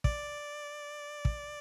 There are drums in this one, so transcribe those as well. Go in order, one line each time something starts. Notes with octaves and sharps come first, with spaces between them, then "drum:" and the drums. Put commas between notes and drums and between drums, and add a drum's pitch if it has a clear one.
D5, drum: kick
drum: kick